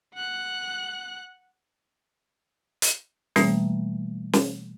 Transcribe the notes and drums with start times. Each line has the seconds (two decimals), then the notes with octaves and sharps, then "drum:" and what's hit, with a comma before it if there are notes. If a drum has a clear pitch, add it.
0.14 F#5 F#6
2.82 drum: hi-hat
3.36 B2 E3 G3 A3 A#3, drum: snare
4.33 drum: snare